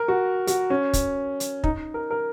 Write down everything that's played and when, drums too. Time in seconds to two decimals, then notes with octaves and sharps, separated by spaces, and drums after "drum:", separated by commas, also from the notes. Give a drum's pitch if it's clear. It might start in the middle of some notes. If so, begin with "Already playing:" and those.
Already playing: A#4
0.08 F#4
0.47 F#4, drum: hi-hat
0.70 C#4
0.93 drum: kick, hi-hat
1.40 drum: hi-hat
1.64 D#4, drum: kick
1.94 A#4
2.11 A#4